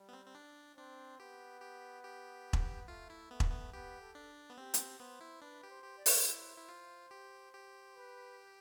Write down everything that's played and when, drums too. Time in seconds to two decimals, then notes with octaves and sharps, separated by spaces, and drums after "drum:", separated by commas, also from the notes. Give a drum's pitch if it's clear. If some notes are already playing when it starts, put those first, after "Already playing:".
Already playing: G3
0.09 B3
0.13 C4
0.26 C4
0.35 D4
0.77 C4 D4
1.20 B3 G4
1.61 G4
2.04 G4
2.53 drum: kick E1
2.88 A3 F4
3.10 E4
3.31 A3 B3
3.40 drum: kick E1
3.51 B3
3.73 B3 G4
4.01 A4
4.15 D4
4.50 B3
4.57 C4 G4
4.74 B3, drum: hi-hat
4.78 C4
4.99 B3 C5
5.21 E4
5.42 D4 B4
5.63 G4
5.70 C5
5.84 G4
5.98 D5
6.06 F4, drum: open hi-hat
6.26 E4 C5
6.58 E4
6.69 F4
7.11 G4
7.54 G4
7.96 B4